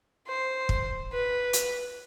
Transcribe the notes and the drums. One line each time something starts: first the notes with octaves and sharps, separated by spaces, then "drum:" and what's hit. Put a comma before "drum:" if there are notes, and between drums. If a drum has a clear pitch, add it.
C5
drum: kick
B4
drum: hi-hat